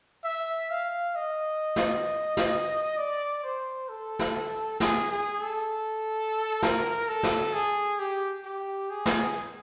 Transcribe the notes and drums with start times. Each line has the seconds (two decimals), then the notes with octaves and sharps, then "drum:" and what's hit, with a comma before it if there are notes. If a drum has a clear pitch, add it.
0.24 E5
0.70 F5
1.15 D#5
1.76 drum: snare
2.37 drum: snare
2.97 D5
3.43 C5
3.89 A4
4.19 drum: snare
4.80 G#4, drum: snare
5.11 G#4
5.41 A4
6.63 A#4, drum: snare
7.08 A4
7.23 drum: snare
7.53 G#4
7.99 G4
8.45 G4
8.90 G#4
9.06 drum: snare